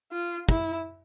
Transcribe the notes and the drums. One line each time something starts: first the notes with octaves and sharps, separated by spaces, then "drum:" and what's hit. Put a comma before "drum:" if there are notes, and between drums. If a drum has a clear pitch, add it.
F4
E4, drum: kick